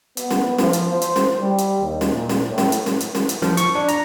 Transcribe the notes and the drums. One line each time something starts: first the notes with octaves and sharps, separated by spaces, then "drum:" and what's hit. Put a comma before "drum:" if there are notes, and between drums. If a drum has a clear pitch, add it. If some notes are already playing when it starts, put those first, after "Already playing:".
B3, drum: hi-hat
drum: snare
F3, drum: snare
drum: hi-hat
C5
drum: hi-hat
drum: snare
G3
drum: hi-hat
D#2
drum: snare
A#2
drum: snare
A2
drum: snare
drum: hi-hat
drum: snare
drum: hi-hat
drum: snare
drum: hi-hat
F3, drum: snare
C#6, drum: hi-hat
D4
A#5, drum: hi-hat